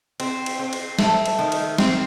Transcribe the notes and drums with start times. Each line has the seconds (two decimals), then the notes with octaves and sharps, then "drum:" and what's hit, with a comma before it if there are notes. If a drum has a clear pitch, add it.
0.20 C4, drum: cymbal
0.46 drum: cymbal
0.59 C4
0.73 drum: cymbal
0.99 A3, drum: snare
1.26 drum: cymbal
1.39 D#3
1.52 drum: cymbal
1.78 C4, drum: snare